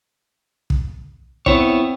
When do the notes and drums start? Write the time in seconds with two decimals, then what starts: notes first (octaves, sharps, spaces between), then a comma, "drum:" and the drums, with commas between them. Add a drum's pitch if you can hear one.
0.70 drum: kick
1.46 B3 C4 E4 C#5, drum: kick